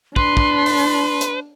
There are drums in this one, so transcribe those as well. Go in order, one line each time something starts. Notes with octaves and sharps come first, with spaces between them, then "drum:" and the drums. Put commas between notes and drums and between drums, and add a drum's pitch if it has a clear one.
D4 B4 C6, drum: kick
drum: kick
drum: open hi-hat
drum: hi-hat